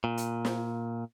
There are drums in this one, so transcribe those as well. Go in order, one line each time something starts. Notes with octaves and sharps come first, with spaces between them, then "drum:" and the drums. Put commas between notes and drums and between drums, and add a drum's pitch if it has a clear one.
A#2
drum: hi-hat
drum: snare